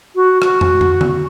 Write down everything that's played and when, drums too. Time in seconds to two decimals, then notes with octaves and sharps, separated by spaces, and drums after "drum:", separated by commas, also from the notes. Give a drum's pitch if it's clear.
0.15 F#4
0.42 F#4, drum: rim click
0.61 drum: tom
0.81 drum: tom
1.01 drum: tom D3